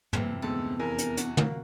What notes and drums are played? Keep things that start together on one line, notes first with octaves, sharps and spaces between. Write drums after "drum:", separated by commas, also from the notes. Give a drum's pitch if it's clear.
F2 C3 E3 A#3, drum: tom
D2 G#2 B3 A4
E2 E4 A#4 G#5
drum: hi-hat
F#4, drum: hi-hat
A#3, drum: tom